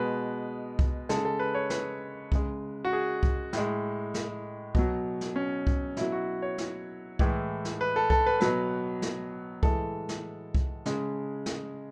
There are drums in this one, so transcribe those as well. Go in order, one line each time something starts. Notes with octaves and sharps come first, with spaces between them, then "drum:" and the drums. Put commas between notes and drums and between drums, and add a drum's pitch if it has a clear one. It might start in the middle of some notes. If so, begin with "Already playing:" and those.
Already playing: B2 G#3 B4
drum: kick C2
C#3 G#3 A4, drum: snare
A4
B4
C#5
B4, drum: snare
C#3 G#3, drum: kick C2
F#4
G#4
drum: kick C2
A2 G#3, drum: snare
drum: snare
B2 F#3, drum: kick C2
drum: snare
C#4
drum: kick C2
B2 F#3 E4, drum: snare
F#4
C#5
drum: snare
A2 E3 G#3, drum: kick C2
drum: snare
B4
A4
A4, drum: kick C2
B4
B2 F#3 B4, drum: snare
drum: snare
A2 E3 G#3 A4, drum: kick C2
drum: snare
drum: kick C2
C#3 G#3, drum: snare
drum: snare